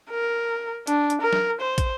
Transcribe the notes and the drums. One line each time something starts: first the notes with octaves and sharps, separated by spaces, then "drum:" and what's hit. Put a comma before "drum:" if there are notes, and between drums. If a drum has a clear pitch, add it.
A#4
D4, drum: hi-hat
drum: hi-hat
A#4
drum: snare
C5
drum: kick, hi-hat